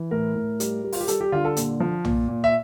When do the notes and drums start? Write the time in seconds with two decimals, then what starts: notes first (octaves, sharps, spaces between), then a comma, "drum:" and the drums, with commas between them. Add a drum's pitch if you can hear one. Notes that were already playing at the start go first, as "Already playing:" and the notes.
Already playing: E3
0.11 A2 A#4
0.36 A2
0.60 G3, drum: hi-hat
0.84 G3
0.92 F4, drum: open hi-hat
1.01 G4
1.08 G3 A4, drum: hi-hat
1.21 G4
1.32 D3 F4
1.45 A4
1.57 A#2, drum: hi-hat
1.80 F3
2.05 A#2, drum: tom B1
2.28 A#2
2.44 E5